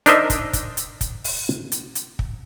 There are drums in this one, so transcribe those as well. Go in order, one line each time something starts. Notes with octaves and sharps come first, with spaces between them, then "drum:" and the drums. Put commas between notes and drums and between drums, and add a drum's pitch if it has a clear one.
D4 D#4 A#4 C5 D#5 E5, drum: hi-hat
drum: kick, hi-hat
drum: kick, hi-hat
drum: hi-hat
drum: kick, hi-hat
drum: open hi-hat
drum: hi-hat
drum: hi-hat
drum: kick